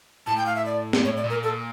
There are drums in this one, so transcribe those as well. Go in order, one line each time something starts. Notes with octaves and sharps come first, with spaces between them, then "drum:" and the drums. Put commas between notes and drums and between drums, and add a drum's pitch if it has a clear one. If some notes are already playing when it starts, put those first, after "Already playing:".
A2 A5
G5
F5
E5
D5
drum: snare
A2 C#5
D5
A#2
A#4
A4